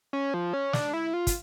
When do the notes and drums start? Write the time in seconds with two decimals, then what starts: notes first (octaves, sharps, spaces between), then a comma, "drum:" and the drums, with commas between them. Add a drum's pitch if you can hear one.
0.13 C#4
0.34 F3
0.53 C#4
0.73 D4, drum: snare
0.93 E4
1.14 F4
1.27 drum: kick, hi-hat